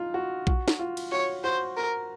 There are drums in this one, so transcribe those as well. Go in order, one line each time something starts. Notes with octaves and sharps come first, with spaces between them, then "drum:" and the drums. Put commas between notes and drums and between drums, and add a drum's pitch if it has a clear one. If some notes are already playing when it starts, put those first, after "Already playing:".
Already playing: D#4 F4
F#4
F#4, drum: kick A#1
drum: snare
F4
drum: cymbal
F#4 C#5
F#4 C5
A#4